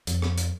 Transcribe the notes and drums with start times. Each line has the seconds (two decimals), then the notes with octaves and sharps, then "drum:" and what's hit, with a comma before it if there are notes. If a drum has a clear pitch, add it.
0.07 F2, drum: hi-hat
0.22 drum: rim click
0.38 drum: hi-hat